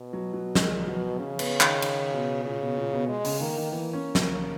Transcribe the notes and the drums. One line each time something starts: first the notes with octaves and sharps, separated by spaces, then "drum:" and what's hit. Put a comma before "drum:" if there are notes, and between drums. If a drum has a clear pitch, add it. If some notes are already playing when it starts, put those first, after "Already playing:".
Already playing: B2
F#3
F#3
A#2 G#3, drum: snare
B2 F#3
C#3 C#4
B3, drum: cymbal
D#3, drum: clap
D#3, drum: cymbal
B2
A#2 C#3
B2
A#2
B2
G#3
C#3, drum: open hi-hat
D#3 A#3
D#3
E3 A#3
C#4
C#4, drum: snare